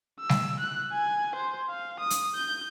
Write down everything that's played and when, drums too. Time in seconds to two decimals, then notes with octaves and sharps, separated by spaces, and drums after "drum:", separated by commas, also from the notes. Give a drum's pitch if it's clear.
0.20 E6
0.29 drum: snare G3
0.60 F#6
0.92 G#5
1.36 C5
1.70 F5
2.00 D#6
2.10 drum: hi-hat
2.35 G6